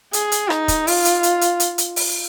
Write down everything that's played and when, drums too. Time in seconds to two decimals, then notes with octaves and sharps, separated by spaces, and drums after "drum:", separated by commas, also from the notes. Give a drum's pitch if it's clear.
0.13 G#4, drum: hi-hat
0.32 drum: hi-hat
0.50 D#4, drum: rim click
0.68 drum: kick, hi-hat
0.87 F4, drum: open hi-hat
1.05 drum: hi-hat
1.23 drum: hi-hat
1.41 drum: hi-hat
1.60 drum: hi-hat
1.78 drum: hi-hat
1.96 drum: open hi-hat